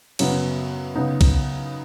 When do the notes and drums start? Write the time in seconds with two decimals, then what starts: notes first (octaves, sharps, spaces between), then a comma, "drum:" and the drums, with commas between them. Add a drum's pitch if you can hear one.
0.19 F#2 C#3 F#3 B3, drum: cymbal
0.95 C#3 B3 D#4
1.21 drum: kick, cymbal